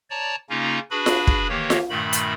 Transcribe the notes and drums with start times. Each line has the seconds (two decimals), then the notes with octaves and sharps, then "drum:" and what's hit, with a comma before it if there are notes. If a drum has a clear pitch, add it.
0.10 C#5 D5 A5 A#5
0.50 C#3 A#3 C#4 D#4 F4 A#5
0.91 D4 F#4 G#4 B4 B5
1.06 drum: snare F4
1.27 drum: kick
1.49 D#3 E3 A#3 G4 C#5
1.70 drum: snare F4
1.90 G2 A#2 D#3 A3 B5
2.13 drum: hi-hat